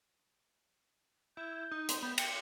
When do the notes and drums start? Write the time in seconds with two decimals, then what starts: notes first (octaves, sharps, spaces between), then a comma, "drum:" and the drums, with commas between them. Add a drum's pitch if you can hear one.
1.37 E4 G6
1.71 D#4
1.89 C6, drum: hi-hat
2.02 B3 G6
2.18 G5 C#7, drum: cymbal